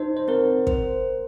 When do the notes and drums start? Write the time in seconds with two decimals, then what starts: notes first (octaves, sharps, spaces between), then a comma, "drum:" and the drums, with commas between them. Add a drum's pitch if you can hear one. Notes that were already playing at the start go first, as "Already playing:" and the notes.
Already playing: D#4 C5
0.17 C5
0.28 C4 A#4
0.67 C5, drum: kick